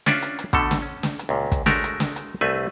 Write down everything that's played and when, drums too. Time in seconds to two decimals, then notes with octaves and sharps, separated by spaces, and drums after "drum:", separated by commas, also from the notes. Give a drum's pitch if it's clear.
0.06 C#4 D4 F4 D5 E5, drum: snare
0.22 drum: hi-hat
0.39 drum: hi-hat
0.53 B2 D3 A3 A4, drum: kick, hi-hat
0.71 drum: snare
0.82 C#4
1.03 drum: snare
1.19 drum: hi-hat
1.29 C#2 A#2
1.52 drum: kick, hi-hat
1.66 G#3 A3 F#4 A#4, drum: snare
1.84 drum: hi-hat
2.00 drum: snare
2.16 drum: hi-hat
2.41 C2 A3 C4 B4 G#5